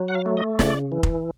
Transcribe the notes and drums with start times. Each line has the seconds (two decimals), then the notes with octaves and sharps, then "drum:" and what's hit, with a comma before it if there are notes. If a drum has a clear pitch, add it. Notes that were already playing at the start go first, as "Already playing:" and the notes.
Already playing: F#3
0.08 F#5
0.15 F5
0.26 A3
0.37 D#5
0.59 C#3 D5, drum: snare
0.92 E3
1.03 drum: kick F1